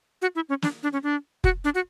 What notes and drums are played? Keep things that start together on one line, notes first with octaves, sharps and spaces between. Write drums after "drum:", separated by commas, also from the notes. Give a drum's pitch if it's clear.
F#4
E4
C#4
D4, drum: snare
D4
C#4
D4
F#4, drum: kick F1
D4
F#4